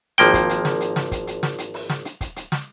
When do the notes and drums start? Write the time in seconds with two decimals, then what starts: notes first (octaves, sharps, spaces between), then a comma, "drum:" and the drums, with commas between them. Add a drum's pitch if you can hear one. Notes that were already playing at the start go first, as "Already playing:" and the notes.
0.18 G#1 F3 A#3 G5, drum: hi-hat
0.34 drum: kick, hi-hat
0.49 drum: hi-hat
0.65 drum: snare
0.80 drum: hi-hat
0.96 drum: snare
1.12 drum: kick, hi-hat
1.27 drum: hi-hat
1.43 drum: snare
1.58 drum: hi-hat
1.74 drum: open hi-hat
1.90 drum: snare
2.05 drum: hi-hat
2.21 drum: kick, hi-hat
2.36 drum: hi-hat
2.52 drum: snare